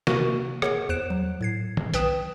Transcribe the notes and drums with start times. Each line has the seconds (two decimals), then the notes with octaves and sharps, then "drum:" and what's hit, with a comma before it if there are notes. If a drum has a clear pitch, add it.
0.07 C3 A#3 F#4 A#4 C#6 D#7, drum: snare
0.62 G#4 A#4 C#5 F#5, drum: rim click
0.89 E2 C5 F#6 D7 E7
1.10 F#3
1.41 A2 G#6 C7
1.77 drum: tom
1.94 B1 B4 G5 D#6 E7, drum: hi-hat